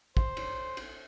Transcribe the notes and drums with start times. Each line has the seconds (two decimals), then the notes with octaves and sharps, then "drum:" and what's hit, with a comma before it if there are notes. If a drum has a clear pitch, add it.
0.17 C5, drum: kick
0.37 drum: cymbal
0.77 drum: cymbal